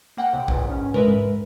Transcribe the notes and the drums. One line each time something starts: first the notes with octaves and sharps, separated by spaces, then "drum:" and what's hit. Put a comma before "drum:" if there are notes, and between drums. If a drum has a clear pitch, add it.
A#3 F#5 G5
D#2 C3
A#1 E2 G#2, drum: kick
C#4
G#3 A#4 B4 E5, drum: tom C3
G#2